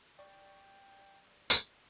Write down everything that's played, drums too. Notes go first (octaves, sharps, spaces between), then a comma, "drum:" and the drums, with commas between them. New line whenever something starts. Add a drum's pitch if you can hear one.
D5 G5 C#6
drum: tambourine